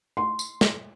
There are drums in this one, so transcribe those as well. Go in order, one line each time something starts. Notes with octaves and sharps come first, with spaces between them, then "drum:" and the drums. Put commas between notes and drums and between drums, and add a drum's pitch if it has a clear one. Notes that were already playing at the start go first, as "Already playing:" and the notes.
C6
drum: tambourine
drum: snare